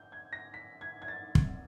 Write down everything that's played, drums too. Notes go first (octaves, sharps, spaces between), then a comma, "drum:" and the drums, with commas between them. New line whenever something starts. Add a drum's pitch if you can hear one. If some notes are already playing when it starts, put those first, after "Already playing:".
Already playing: G6
G#6
A#6
B6
G#6
G#6
A6
drum: kick